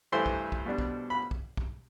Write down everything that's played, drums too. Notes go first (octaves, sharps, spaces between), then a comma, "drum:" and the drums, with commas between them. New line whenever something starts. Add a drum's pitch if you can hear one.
G2 E3 A3 C5 C6
drum: kick
drum: kick
B2 G3 D4
drum: kick
B5
drum: kick
drum: kick